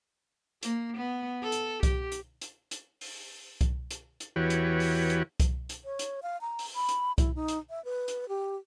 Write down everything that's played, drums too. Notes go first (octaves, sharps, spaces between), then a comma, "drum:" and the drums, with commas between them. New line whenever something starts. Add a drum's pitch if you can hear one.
A#3, drum: hi-hat
B3
A4
drum: hi-hat
G4, drum: kick C2, hi-hat
drum: hi-hat
drum: hi-hat
drum: hi-hat
drum: open hi-hat
drum: kick C2, hi-hat
drum: hi-hat
drum: hi-hat
E2 E3 F#4 G4 B4 C#5
drum: hi-hat
drum: open hi-hat
drum: hi-hat
drum: kick C2, hi-hat
drum: hi-hat
C#5
drum: hi-hat
F5
A#5
drum: open hi-hat
B5
drum: hi-hat
E4, drum: kick C2, hi-hat
D#4
drum: hi-hat
E5
B4
drum: hi-hat
G4